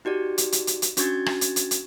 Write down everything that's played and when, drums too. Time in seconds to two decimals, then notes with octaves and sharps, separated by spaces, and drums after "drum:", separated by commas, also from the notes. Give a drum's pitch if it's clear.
0.05 D#4 F#4 G4 D5
0.38 drum: hi-hat
0.52 drum: hi-hat
0.67 drum: hi-hat
0.82 drum: hi-hat
0.97 C#4 D4 F#4 C#6 G#6 A6, drum: hi-hat
1.26 drum: rim click
1.41 drum: hi-hat
1.56 drum: hi-hat
1.71 drum: hi-hat